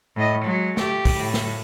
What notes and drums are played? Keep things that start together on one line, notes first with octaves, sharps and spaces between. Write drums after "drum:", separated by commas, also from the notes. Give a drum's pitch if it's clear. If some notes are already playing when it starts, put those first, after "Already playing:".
A2 D#5
F#3 G#3
A3 G4, drum: snare
drum: kick, open hi-hat
A2
drum: snare